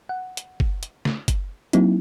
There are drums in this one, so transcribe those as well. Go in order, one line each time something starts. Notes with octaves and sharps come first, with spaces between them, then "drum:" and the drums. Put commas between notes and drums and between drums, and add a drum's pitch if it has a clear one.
F#5
drum: hi-hat
drum: kick F#1
drum: hi-hat
drum: snare
drum: kick F#1, hi-hat
F#3 A#3 C4 D#4 E4, drum: hi-hat